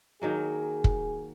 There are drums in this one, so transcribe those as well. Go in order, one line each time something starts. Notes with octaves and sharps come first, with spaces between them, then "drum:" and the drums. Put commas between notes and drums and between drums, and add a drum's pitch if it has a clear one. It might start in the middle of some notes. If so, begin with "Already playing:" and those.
D#3 F#3 A#3 G#4
drum: kick